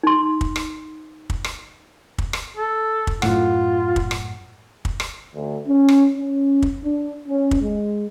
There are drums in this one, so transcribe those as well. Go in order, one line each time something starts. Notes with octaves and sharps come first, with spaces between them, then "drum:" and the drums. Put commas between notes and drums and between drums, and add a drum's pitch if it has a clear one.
D#4 C6
drum: kick
drum: rim click
drum: kick
drum: rim click
drum: kick
drum: rim click
A4
drum: kick
F#2 A2 F4 F#5, drum: rim click
drum: kick
drum: rim click
drum: kick
drum: rim click
D2
C#4
drum: rim click
C#4
drum: kick
D4
C#4
drum: kick
G#3